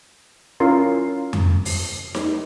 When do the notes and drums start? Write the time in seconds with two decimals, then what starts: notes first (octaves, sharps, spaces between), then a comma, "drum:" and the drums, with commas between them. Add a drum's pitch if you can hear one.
0.60 C#4 E4 F4 A#4 C6
1.33 drum: tom F2
1.65 drum: open hi-hat
2.15 drum: snare D#4